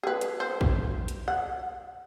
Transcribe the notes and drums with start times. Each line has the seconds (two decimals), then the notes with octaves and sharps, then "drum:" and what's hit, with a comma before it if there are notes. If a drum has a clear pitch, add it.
0.03 G#4 B4
0.21 drum: hi-hat
0.40 C5
0.61 drum: kick
1.08 drum: hi-hat
1.28 F#5